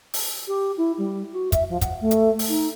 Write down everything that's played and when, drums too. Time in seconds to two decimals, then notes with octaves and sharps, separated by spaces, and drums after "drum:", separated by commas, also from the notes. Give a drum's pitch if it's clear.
0.14 drum: open hi-hat
0.48 G4
0.78 E4
0.98 G3
1.33 F#4
1.52 E5, drum: kick, hi-hat
1.69 F3
1.81 F#5, drum: kick, hi-hat
2.01 A3
2.11 drum: hi-hat
2.39 drum: open hi-hat
2.49 D#4